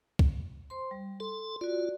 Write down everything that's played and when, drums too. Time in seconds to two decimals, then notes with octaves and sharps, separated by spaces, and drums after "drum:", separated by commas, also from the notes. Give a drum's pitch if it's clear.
0.19 drum: kick
0.70 C5 C6
0.91 G3
1.20 A4 C6
1.61 F4 F#4 D5